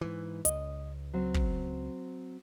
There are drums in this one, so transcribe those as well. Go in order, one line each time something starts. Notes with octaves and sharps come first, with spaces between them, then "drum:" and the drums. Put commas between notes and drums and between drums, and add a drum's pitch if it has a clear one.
G#2 E3
C#2 D#5, drum: hi-hat
F#3 C4
drum: kick